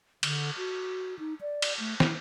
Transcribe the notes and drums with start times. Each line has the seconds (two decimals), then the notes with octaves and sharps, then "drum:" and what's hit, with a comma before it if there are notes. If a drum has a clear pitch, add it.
0.23 D3, drum: cymbal
0.57 F#4
1.19 D#4
1.41 D5
1.62 drum: cymbal
1.79 A3
2.00 E4, drum: snare